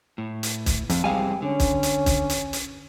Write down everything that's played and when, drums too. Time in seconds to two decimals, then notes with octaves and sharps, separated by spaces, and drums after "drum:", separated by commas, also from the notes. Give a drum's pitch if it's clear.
0.18 A2
0.43 drum: hi-hat
0.66 drum: kick, hi-hat
0.90 F2, drum: hi-hat
1.04 G3 G#3 C4 F5 G5 G#5
1.42 D3 C#4
1.60 drum: kick, hi-hat
1.83 drum: hi-hat
2.06 drum: kick, hi-hat
2.30 drum: hi-hat
2.53 drum: hi-hat